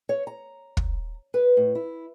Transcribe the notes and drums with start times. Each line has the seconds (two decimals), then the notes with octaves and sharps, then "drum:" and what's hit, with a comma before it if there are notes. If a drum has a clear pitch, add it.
0.09 C#5
0.27 A#5
0.77 drum: kick
1.34 B4
1.57 A2
1.75 E4